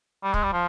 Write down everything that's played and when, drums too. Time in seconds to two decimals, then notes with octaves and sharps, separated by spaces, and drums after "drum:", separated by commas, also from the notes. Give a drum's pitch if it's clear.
0.23 G3
0.34 G#3, drum: kick
0.43 G3
0.53 F3